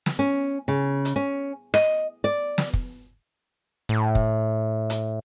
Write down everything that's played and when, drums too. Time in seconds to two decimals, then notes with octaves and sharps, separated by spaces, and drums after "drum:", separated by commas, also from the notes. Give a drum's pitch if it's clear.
0.06 drum: snare
0.19 C#4
0.68 C#3
1.05 drum: hi-hat
1.16 C#4
1.74 D#5, drum: rim click
2.24 D5
2.58 drum: snare
2.74 drum: kick
3.89 A2
4.15 drum: kick
4.90 drum: hi-hat